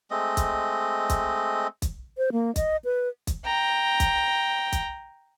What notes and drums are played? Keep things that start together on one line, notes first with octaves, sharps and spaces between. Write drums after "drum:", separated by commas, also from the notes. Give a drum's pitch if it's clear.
G#3 A3 C4 D#5
drum: kick, hi-hat
drum: kick, hi-hat
drum: kick, hi-hat
C5
A#3
D#5, drum: kick, hi-hat
B4
drum: kick, hi-hat
G5 A#5
drum: kick, hi-hat
drum: kick, hi-hat